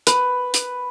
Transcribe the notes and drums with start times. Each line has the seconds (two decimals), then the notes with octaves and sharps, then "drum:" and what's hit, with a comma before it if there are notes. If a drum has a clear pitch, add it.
0.07 B4, drum: hi-hat
0.54 drum: hi-hat